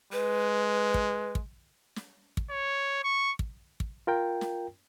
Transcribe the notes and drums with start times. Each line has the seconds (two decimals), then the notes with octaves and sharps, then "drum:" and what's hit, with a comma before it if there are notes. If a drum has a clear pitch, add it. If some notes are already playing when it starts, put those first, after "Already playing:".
0.13 G#3 B4
0.94 drum: kick
1.35 drum: kick
1.96 drum: snare
2.37 drum: kick
2.50 C#5
3.04 C#6
3.39 drum: kick
3.80 drum: kick
4.07 F4 A#4 G5
4.41 drum: snare